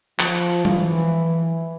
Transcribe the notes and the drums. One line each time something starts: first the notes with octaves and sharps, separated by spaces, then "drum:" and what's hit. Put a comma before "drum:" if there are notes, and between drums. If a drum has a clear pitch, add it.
F3, drum: clap
E3, drum: tom F#3